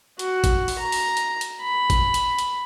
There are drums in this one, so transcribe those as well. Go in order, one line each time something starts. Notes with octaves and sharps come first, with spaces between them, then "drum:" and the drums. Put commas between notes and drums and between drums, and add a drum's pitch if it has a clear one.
F#4, drum: hi-hat
drum: kick A1, hi-hat
drum: open hi-hat
A#5
drum: open hi-hat
drum: hi-hat
drum: hi-hat
B5
drum: kick A1, hi-hat
drum: hi-hat
drum: hi-hat